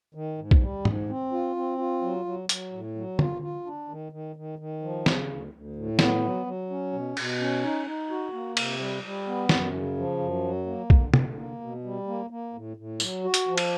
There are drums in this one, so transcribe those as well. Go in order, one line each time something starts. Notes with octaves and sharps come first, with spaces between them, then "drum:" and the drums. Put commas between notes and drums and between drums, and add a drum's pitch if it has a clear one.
D#3
G#2
drum: kick
G3
G#2, drum: tom
C4
F4
C4
F4
F#3
F#3
F#3, drum: hi-hat
A2
F#3
F4, drum: tom
F4
D4
D#3
D#3
D#3
D#3
F3
C#3, drum: snare
D2
D2
A2
B3, drum: snare
F#3
F#3
C#4
B2
B2, drum: cymbal
C#4
D#4
D#4
F#4
A#3
C3, drum: cymbal
G3
G3
B3
F#2, drum: snare
C#3
F3
F#2
F#3
A#3
D3, drum: kick
D3, drum: tom
A#3
B2
G3
A#3
A#3
A2
A2
F#3, drum: tambourine
F#4
drum: hi-hat
F3
drum: cymbal